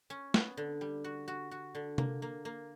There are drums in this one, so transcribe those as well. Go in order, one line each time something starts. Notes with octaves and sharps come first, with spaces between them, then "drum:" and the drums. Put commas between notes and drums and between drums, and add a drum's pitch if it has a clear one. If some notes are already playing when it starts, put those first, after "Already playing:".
C#4
B3, drum: snare
D3
G3
F#4
F#4
F#4
D3
A#3, drum: tom C3
A#3
A#3